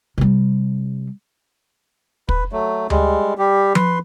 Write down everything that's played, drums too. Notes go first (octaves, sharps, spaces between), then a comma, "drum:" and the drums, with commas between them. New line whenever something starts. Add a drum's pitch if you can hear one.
C3 G3
B4, drum: kick
F#3 A3
G3 G#3, drum: tom D2
G3 G4
B4 C6, drum: tom F3